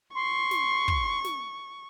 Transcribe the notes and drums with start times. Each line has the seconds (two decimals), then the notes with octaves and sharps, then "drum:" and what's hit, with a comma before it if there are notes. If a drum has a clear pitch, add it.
0.14 C6 C#6
0.51 drum: snare
0.88 drum: kick
1.25 drum: snare